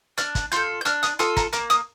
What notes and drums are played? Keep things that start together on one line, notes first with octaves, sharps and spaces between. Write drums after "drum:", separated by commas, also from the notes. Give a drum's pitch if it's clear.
D4 F6, drum: hi-hat
drum: kick, hi-hat
F4 A4 G6, drum: hi-hat
G6
D4 F6, drum: hi-hat
D#6, drum: hi-hat
F4 A4 D#6, drum: hi-hat
A#5, drum: kick, hi-hat
A#3 D6, drum: hi-hat
D#6, drum: hi-hat